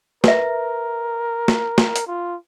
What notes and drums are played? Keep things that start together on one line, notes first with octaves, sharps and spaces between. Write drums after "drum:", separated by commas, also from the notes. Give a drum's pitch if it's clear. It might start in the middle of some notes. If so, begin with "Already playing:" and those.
A#4 B4 E5, drum: snare
drum: snare
drum: snare
drum: hi-hat
F4